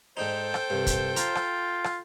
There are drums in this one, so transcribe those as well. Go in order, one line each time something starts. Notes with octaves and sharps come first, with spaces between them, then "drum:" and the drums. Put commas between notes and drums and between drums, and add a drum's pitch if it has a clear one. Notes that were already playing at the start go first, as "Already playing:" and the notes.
G#2 D4 D#4 A4 C5 G5
drum: rim click
C2 G2
drum: kick, hi-hat
F4 A#5, drum: hi-hat
drum: rim click
drum: rim click